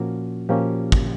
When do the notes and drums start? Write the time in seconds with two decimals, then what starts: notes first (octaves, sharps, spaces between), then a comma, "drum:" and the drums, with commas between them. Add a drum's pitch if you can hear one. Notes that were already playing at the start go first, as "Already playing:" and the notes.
Already playing: A#2 F3 A#3 C#4 F#4
0.49 A#2 F3 A#3 C#4 G4
0.92 drum: kick